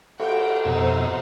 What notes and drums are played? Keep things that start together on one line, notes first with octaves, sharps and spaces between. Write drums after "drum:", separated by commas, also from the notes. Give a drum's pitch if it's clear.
F#4 A4 G5, drum: cymbal
F2 B2 D#4 C5 E6